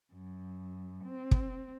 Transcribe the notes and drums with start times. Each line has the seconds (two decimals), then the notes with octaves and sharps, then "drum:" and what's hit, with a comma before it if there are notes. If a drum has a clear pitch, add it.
0.14 F#2
1.05 C4
1.31 drum: kick